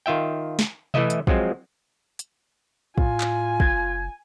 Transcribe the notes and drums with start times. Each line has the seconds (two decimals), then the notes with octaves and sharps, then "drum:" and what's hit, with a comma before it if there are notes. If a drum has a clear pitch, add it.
0.06 D#3 F4 E5 G5
0.59 drum: snare
0.94 E3 A3 E4 D#5 E5, drum: tom B2
1.10 drum: hi-hat
1.27 F3 F#3 G#3 C4, drum: kick
2.19 drum: hi-hat
2.98 A2 F4 G#5, drum: kick
3.21 drum: clap
3.60 F#1 G#6, drum: kick